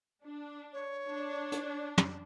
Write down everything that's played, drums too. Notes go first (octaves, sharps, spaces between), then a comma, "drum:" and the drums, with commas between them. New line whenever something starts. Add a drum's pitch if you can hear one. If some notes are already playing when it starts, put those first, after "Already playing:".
D4
C#5
D4
drum: hi-hat
drum: tom